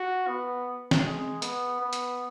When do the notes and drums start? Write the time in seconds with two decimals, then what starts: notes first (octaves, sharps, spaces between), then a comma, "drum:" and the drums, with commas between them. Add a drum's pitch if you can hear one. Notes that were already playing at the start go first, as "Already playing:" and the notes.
Already playing: F#4
0.27 B3
0.91 drum: snare
1.04 G#3
1.42 B3, drum: hi-hat
1.80 B3
1.93 drum: hi-hat